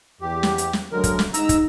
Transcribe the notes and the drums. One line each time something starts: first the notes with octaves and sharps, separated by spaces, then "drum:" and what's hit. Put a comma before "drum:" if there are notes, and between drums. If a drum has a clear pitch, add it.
E2 G4
drum: snare
drum: hi-hat
drum: snare
D2 D3 F#3 G#3 A#4
drum: kick, hi-hat
drum: snare
G#2 D#4 A#5 E6, drum: hi-hat
drum: kick, hi-hat